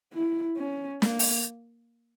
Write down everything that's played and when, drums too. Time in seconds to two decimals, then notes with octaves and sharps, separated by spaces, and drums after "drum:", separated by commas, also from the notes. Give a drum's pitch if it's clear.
0.13 E4
0.57 C#4
1.02 A#3, drum: snare
1.19 drum: open hi-hat